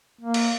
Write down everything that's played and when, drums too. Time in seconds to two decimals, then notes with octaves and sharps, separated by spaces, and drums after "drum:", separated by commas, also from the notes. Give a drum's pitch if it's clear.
0.21 A#3
0.34 drum: cymbal